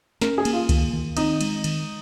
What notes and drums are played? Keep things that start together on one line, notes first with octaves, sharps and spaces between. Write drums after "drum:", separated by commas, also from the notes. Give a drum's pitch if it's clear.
C#4 A#4, drum: snare
G#4
A#3, drum: cymbal
F4
D#3, drum: kick C#2, cymbal
D#3
C4 D#4, drum: cymbal
G#3, drum: cymbal
D#3, drum: cymbal